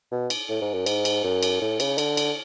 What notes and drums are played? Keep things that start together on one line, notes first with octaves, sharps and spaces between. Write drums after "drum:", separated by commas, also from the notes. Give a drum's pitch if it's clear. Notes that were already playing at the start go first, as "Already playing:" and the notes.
B2
drum: cymbal
A2
G#2
F#2
G#2, drum: cymbal
drum: cymbal
F#2
drum: cymbal
A2
C#3, drum: cymbal
D3, drum: cymbal
drum: cymbal